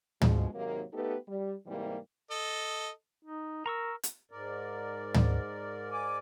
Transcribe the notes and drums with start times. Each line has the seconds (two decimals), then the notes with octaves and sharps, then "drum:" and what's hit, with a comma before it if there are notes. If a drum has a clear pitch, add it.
0.21 G2 B2 F3 G#3, drum: tom
0.53 G#2 C3 D#3 F#3 A#3
0.93 A3 B3 D#4 G4 A4 B4
1.28 G3
1.66 G#2 C3 E3 G3 G#3 A#3
2.31 A4 D#5
3.23 D#4
3.66 A#4 A#5 C#6 E6
4.03 drum: hi-hat
4.31 G#2 A#4 D5
5.14 drum: tom
5.90 G#5 D6